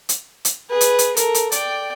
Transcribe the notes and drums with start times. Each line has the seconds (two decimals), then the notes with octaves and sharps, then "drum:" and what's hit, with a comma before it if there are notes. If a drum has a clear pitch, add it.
0.09 drum: hi-hat
0.45 drum: hi-hat
0.70 G#4 B4
0.81 drum: hi-hat
0.99 drum: hi-hat
1.17 A4 A#4, drum: hi-hat
1.35 drum: hi-hat
1.52 D5 G5, drum: hi-hat